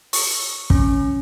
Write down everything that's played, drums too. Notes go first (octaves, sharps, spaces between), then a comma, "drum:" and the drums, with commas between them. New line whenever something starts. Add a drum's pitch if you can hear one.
C#6, drum: open hi-hat
C#4, drum: kick